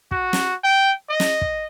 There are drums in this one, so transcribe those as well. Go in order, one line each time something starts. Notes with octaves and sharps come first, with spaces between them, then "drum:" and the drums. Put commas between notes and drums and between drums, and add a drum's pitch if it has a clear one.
F#4, drum: kick
drum: snare
G5
D#5
drum: snare
drum: kick